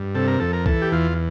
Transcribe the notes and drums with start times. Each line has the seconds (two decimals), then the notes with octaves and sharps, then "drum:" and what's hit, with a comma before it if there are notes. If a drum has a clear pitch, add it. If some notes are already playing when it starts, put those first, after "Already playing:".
Already playing: G2
0.15 C3 A4
0.27 A#4
0.40 F2 A4
0.53 A#4
0.66 E3 A4, drum: kick C2
0.82 G4
0.92 E2 F4